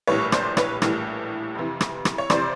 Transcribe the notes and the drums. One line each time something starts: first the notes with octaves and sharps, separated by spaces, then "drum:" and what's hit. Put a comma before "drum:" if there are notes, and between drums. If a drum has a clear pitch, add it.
A#1 A2 E3 G3 B4 C#5
C5 D5, drum: rim click
B4 C#5, drum: rim click
A#1 A2 E3 G3, drum: rim click
F2 C3 E3
drum: rim click
drum: rim click
C#5
F2 C3 E3 C5 D5, drum: rim click